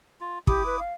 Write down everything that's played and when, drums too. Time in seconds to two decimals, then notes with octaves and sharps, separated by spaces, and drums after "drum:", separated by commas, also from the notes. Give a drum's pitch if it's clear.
0.21 F4
0.47 E4 G4 D6 D#6, drum: kick
0.66 B4
0.79 F5